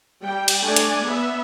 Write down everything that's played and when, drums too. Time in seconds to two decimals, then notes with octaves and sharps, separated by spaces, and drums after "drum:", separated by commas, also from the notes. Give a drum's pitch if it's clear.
0.23 G3 G5
0.48 drum: cymbal
0.65 A3 D4 D5 G#5
0.76 drum: hi-hat
1.03 B3 E5